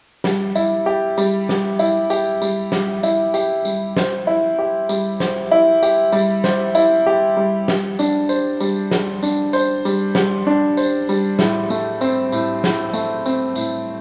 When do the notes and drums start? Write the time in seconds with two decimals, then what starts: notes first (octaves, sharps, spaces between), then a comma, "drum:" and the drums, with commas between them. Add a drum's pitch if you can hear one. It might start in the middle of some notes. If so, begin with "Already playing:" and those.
0.24 G3, drum: snare
0.55 E4, drum: tambourine
0.86 G4
1.18 G3, drum: tambourine
1.49 G3, drum: snare
1.79 E4, drum: tambourine
2.10 G4, drum: tambourine
2.42 G3, drum: tambourine
2.72 G3, drum: snare
3.03 E4, drum: tambourine
3.34 G4, drum: tambourine
3.65 G3, drum: tambourine
3.97 C5, drum: snare
4.27 E4
4.59 G4
4.89 G3, drum: tambourine
5.20 C5, drum: snare
5.51 E4
5.83 G4, drum: tambourine
6.12 G3, drum: tambourine
6.44 C5, drum: snare
6.75 E4, drum: tambourine
7.06 G4
7.37 G3
7.68 G3, drum: snare
7.99 D4, drum: tambourine
8.29 C5, drum: tambourine
8.60 G3, drum: tambourine
8.91 G3, drum: snare
9.23 D4, drum: tambourine
9.53 C5, drum: tambourine
9.85 G3, drum: tambourine
10.15 G3, drum: snare
10.47 D4
10.77 C5, drum: tambourine
11.09 G3, drum: tambourine
11.39 A2, drum: snare
11.70 A3, drum: tambourine
12.01 C4, drum: tambourine
12.32 A2, drum: tambourine
12.64 A2, drum: snare
12.94 A3, drum: tambourine
13.26 C4, drum: tambourine
13.55 A2, drum: tambourine